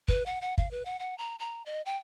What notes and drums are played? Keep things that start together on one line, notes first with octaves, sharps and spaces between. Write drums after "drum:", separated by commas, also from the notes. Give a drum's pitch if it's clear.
B4, drum: kick
F#5
F#5
F5, drum: kick
B4
F#5
F#5
A#5
A#5
D#5
G5